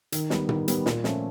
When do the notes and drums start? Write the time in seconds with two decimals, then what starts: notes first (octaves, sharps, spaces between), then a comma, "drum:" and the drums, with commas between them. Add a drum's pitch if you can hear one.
0.12 D#3, drum: hi-hat
0.30 G3 B3, drum: snare
0.49 D#3, drum: tom
0.68 G3 B3, drum: hi-hat
0.86 A#2, drum: snare
1.04 F3 A3 C#4, drum: snare